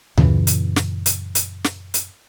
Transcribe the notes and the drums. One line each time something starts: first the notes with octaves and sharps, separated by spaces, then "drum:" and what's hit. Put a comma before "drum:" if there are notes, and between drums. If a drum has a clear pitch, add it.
F#2 A#2 C#3 E3, drum: tom D2
drum: hi-hat
drum: snare
drum: hi-hat
drum: hi-hat
drum: snare
drum: hi-hat